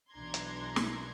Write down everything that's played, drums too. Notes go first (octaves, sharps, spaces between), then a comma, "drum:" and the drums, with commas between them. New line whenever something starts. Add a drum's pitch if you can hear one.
B1 E3 D4 A#5 C6 G#6
drum: hi-hat
drum: snare